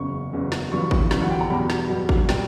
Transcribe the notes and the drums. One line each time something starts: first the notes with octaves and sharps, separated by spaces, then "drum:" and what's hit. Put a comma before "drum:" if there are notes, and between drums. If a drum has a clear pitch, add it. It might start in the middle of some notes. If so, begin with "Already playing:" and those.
Already playing: F#1 E2 C#3 C#6
F#1 E2 C#3
drum: snare
G1 F#2 E3 G3 C#6
drum: kick G#1
G1 F#2 E3 G3, drum: snare
F#5
G5
A#5
E2 B2 G3 B5
drum: snare
E2 B2 G3
drum: kick G#1
A#2 G3 G5, drum: snare